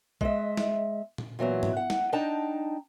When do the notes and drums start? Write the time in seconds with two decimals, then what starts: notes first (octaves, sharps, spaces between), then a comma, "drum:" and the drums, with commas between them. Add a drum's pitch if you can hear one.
0.21 G#3 D#5 E5, drum: kick A#1
0.57 drum: snare
1.18 drum: tom A#2
1.39 A#2 E3 F#3 B3
1.63 drum: tom G#2
1.77 F#5
1.90 drum: snare
2.12 D4 D#4 G5 A5 A#5